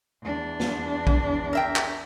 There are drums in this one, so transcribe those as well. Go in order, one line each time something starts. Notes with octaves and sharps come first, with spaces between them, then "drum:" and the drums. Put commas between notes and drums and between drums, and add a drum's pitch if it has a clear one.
E2 D4
drum: snare
drum: kick
A#4 E5 G5
drum: clap